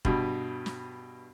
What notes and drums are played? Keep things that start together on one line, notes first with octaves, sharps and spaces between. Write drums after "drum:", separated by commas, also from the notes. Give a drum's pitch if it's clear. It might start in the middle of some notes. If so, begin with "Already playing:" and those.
G2 B2, drum: kick
drum: snare